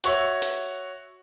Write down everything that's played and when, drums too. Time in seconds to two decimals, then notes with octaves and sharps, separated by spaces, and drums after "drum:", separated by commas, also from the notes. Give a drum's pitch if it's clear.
0.04 F#4 C#5 E5, drum: hi-hat
0.42 drum: hi-hat